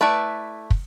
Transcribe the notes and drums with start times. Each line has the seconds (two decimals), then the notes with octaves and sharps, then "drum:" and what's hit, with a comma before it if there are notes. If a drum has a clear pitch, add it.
0.01 A3 E4 B4 D5
0.70 drum: kick